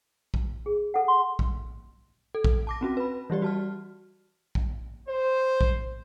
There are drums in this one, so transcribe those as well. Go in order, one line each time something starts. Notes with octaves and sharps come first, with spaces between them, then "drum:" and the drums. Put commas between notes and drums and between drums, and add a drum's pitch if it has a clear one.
drum: kick A#1
G#4
A4 F#5
C6
drum: kick A#1
A4
drum: kick A#1
A5 D6 A#6
C4 C#4 F#4
B4 B5
E3 G3 G4 D5
F#4 A5 F6
drum: kick A#1
C5
drum: kick A#1